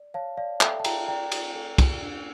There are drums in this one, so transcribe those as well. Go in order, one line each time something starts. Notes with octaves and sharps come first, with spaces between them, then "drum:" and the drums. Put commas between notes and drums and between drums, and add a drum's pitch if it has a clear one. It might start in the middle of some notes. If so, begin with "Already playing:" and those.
Already playing: D5
C#5 F5 A5
D5 F5
A4 E5 G5, drum: clap
A5
G5 A#5, drum: cymbal
D5 G5 A#5
drum: cymbal
A4
drum: kick, cymbal
D4